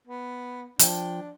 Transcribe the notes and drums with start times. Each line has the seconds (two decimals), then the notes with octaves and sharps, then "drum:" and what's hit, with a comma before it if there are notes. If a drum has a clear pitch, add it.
0.07 B3
0.79 F3 D4 G5, drum: hi-hat